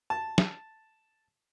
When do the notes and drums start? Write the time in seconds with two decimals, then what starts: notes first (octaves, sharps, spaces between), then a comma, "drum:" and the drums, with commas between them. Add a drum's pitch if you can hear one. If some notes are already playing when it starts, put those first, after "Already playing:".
0.10 A5
0.38 drum: snare